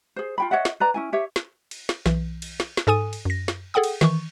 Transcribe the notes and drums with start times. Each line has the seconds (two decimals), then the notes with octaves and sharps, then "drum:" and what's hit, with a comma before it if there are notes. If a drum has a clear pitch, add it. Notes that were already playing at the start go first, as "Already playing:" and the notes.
0.16 G#4 C5
0.38 F4 G5 B5
0.51 C#5 D#5 E5 F#5
0.65 drum: snare
0.80 B4 D5 A#5
0.94 C#4 E4 G#5
1.13 G4 C#5 E5
1.36 drum: snare
1.71 drum: cymbal
1.89 drum: snare
2.06 B1 E3, drum: snare
2.42 drum: cymbal
2.60 drum: snare
2.77 drum: snare
2.87 G#2 A4 G#5 D#6 D#7
3.13 drum: cymbal
3.25 F#2 A#6
3.48 drum: snare
3.74 G#4 A4 F#5 G5 D#6
3.83 drum: cymbal
4.01 D#3 E3 C#6, drum: snare